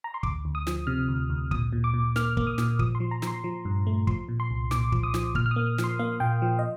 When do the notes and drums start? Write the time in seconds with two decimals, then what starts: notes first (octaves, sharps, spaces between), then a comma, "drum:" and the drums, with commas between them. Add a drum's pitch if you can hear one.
0.04 A#5
0.14 C6
0.23 D2 D6, drum: kick
0.45 D2
0.55 D#6
0.67 F3, drum: snare
0.87 C3 F6
1.08 D2
1.30 D2
1.51 A#2 D#6, drum: kick
1.73 A#2
1.84 D6
1.94 A#2
2.16 A#3 F6, drum: snare
2.37 A#3, drum: kick
2.47 D#6
2.58 A#2, drum: snare
2.79 F3 D#6, drum: kick
2.95 C6
3.00 F3
3.11 A#5
3.22 F3, drum: snare
3.27 C6
3.44 F3
3.65 G2
3.87 A3
4.07 F3 C6, drum: kick
4.28 A#2
4.40 C6
4.51 C2
4.71 A#2 D6, drum: snare
4.92 F3, drum: kick
5.03 D#6
5.14 F3, drum: snare
5.35 A#2 F6, drum: kick
5.46 F6
5.51 D#6
5.56 A#3
5.78 F3, drum: snare
5.84 C6
5.99 A#3 F5
6.20 A#2 G5
6.42 F3
6.59 D#5